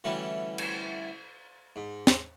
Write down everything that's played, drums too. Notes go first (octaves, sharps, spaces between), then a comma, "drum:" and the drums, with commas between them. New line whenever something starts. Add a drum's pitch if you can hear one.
D3 E3 G3 A3 C#4 F#4
drum: cymbal
G#2
drum: snare